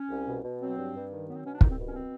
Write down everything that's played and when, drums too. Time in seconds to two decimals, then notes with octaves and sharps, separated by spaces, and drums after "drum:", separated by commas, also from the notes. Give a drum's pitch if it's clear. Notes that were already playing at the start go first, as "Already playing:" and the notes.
Already playing: C#4
0.09 C2
0.26 B2
0.43 B2
0.60 F#3 C4
0.78 G2
0.94 G2
1.10 D#3
1.27 F#3 B3
1.35 C4
1.44 B2 C#4
1.53 D4
1.61 C2 D#4, drum: kick
1.69 C4
1.78 B2
1.87 C#4
1.95 C4